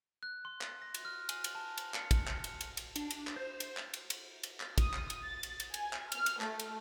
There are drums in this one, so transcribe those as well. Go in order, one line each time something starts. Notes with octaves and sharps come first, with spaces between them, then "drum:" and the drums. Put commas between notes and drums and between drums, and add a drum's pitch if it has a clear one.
F#6
C6
drum: clap
A#6
drum: cymbal
F6
G#5, drum: cymbal
drum: cymbal
A5
drum: cymbal
C#7, drum: clap
drum: kick, cymbal
drum: clap
drum: cymbal
drum: cymbal
drum: cymbal
D4, drum: cymbal
drum: cymbal
drum: clap
C5
drum: cymbal
drum: clap
drum: cymbal
drum: cymbal
drum: cymbal
drum: clap
D#6, drum: kick, cymbal
drum: clap
drum: cymbal
A6
drum: cymbal
drum: cymbal
G#5, drum: cymbal
drum: clap
F6, drum: cymbal
drum: cymbal
A3, drum: clap
drum: cymbal